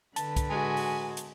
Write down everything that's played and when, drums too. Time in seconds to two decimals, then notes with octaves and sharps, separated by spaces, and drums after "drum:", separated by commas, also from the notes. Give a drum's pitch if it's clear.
0.16 D3 B4 A5, drum: hi-hat
0.36 drum: kick, hi-hat
0.49 G#3 F#4 G#5
0.77 drum: open hi-hat
1.17 drum: hi-hat